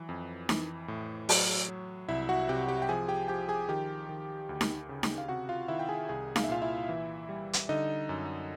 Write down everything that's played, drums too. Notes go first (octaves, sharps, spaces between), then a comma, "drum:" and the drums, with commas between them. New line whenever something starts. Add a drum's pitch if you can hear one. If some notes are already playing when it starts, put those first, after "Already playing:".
Already playing: E3 F#3
F2
E3, drum: snare D#4
A2
F#3, drum: open hi-hat
F#3
C2 E4 E5
F#4 F#5
C3 G4 G5
G4 G5
G5
F3 G#4 G#5
G4 G5
F3 G4 G5
G#4 G#5
D#3 G4 G5
D#3
D2
drum: snare D#4
C#3
drum: snare D#4
F5
C3 F#4 F#5
F4 F5
D#3 E4 E5
G5
G#4 G#5
C2 G#4 G#5
F5, drum: snare D#4
E5
A#2 F4 F5
E4 E5
E3
G3
drum: hi-hat
D3 D#4 D#5
F#2